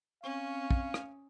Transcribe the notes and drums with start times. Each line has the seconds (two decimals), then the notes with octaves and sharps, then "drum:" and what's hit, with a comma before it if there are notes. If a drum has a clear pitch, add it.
0.23 C4 C#4 F5 C#6
0.71 drum: kick
0.94 drum: rim click